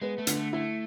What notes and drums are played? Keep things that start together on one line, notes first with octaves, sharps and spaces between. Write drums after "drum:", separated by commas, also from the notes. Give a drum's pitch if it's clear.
G#3 B3
A3
D3, drum: hi-hat
A3
A3 E4